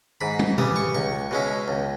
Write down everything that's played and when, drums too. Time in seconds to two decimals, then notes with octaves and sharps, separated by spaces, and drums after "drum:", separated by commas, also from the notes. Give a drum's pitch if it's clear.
0.21 G#2 B5
0.39 drum: tom
0.58 E3 G3 D#6, drum: tom B2
0.76 C#6
0.95 C#2 C#6
1.31 B2 G#3 C#4 E4
1.68 C#2